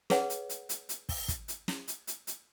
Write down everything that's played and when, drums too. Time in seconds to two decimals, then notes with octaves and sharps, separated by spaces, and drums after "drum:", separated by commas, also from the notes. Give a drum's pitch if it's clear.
0.10 G#4 B4 C#5 F#5, drum: snare
0.30 drum: hi-hat
0.49 drum: hi-hat
0.69 drum: hi-hat
0.89 drum: hi-hat
1.09 drum: kick, open hi-hat
1.28 drum: kick, hi-hat
1.48 drum: hi-hat
1.68 drum: snare
1.88 drum: hi-hat
2.07 drum: hi-hat
2.27 drum: hi-hat